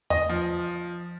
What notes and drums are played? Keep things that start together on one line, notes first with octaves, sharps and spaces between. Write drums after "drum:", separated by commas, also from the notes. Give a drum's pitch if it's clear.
D#5, drum: tom E2
F3